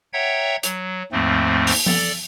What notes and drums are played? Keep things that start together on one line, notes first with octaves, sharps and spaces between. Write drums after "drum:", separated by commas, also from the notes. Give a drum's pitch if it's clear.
C#5 E5 F#5 G5 A#5 G#6
F#3, drum: hi-hat
D#2 G#2 F3 A3 C4
drum: open hi-hat
A4 D5, drum: tom F3